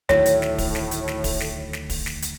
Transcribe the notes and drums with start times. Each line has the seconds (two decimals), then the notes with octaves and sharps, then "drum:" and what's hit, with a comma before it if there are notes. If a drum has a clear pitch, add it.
0.09 D2 A2 D#3 F#3 C#5, drum: snare
0.26 drum: hi-hat
0.42 drum: snare
0.58 drum: kick, open hi-hat
0.75 drum: snare
0.91 drum: hi-hat
1.08 drum: snare
1.24 drum: kick, open hi-hat
1.40 drum: snare
1.73 drum: snare
1.90 drum: kick, open hi-hat
2.06 drum: snare
2.22 drum: hi-hat